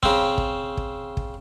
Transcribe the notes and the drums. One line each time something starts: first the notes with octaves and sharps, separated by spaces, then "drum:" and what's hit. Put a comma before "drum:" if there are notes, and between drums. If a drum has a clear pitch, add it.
C#3 C4, drum: kick
drum: kick
drum: kick
drum: kick